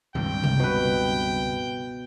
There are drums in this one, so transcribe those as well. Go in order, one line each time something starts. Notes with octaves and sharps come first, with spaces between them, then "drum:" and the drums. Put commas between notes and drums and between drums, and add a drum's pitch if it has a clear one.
C#2 G2 C3 G5, drum: tom D#3
drum: tom C3
B2 B4